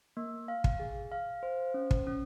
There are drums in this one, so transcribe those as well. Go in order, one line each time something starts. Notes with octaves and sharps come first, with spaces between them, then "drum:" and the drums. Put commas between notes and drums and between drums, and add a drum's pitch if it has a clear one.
A#3
F5
drum: kick
G#4
F5
C5
C#4
drum: kick
C#4